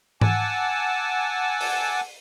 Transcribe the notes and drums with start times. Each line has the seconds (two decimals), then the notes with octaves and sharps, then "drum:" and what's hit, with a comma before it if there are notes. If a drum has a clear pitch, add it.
0.21 F#5 G#5 A5 D6 E6, drum: tom G#2
1.61 drum: open hi-hat